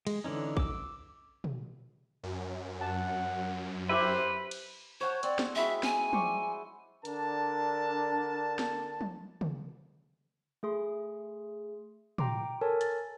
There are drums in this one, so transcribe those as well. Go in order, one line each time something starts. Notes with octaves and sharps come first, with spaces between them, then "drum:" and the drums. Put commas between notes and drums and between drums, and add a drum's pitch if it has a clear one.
G#3, drum: cymbal
D3 E3 C#4 D#4
D6 E6, drum: kick
drum: tom
F#2
F#5 A5
E4 G4 B4 C5 E5
drum: cymbal
C5 C#5 F#5 A5
C4 D5, drum: hi-hat
drum: snare
G#3 E4 F#4 E5
G#5, drum: snare
C5 D5 C#6, drum: tom
D3 D4 A#4 A5, drum: hi-hat
drum: snare
drum: tom
drum: tom
A3 G#4 C6
G5 A#5 C6 D6, drum: tom
A4 A#4 C#5 G#5 A5
A6, drum: hi-hat